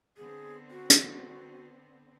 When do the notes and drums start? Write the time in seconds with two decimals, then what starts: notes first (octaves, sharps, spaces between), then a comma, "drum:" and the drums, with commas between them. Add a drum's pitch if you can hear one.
0.17 D3 B3 C4 G#4
0.71 F#4
0.90 drum: hi-hat